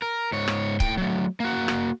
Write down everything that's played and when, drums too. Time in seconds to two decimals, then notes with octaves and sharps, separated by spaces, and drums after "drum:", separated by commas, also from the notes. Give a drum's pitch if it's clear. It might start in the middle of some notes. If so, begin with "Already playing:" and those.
0.02 A#4
0.32 G#2 C#5
0.48 drum: rim click
0.80 A2 G5, drum: kick C#1
0.97 F#3 A3
1.40 A#3 F#4
1.68 drum: rim click